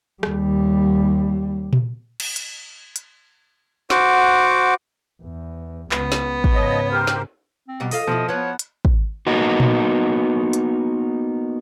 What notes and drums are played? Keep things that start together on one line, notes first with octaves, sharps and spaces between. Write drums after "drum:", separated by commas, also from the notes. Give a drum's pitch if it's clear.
D#2 G3, drum: rim click
drum: tom A#2
drum: cymbal
drum: hi-hat
drum: hi-hat
F#4 C5 F#5 D6, drum: snare
E2
C#2 C#3 B3, drum: clap
drum: snare
drum: kick
G#2 C#3 F3 C#5 D#5
G4 A#4 C5 F6
drum: snare
C4
B2 F#3 G3
F3 A4 D#5 F5, drum: open hi-hat
B2 F3 E4
B3 B4 C#5
drum: hi-hat
drum: kick
A#3 B3 D#4 F#4
drum: tom A#2
drum: hi-hat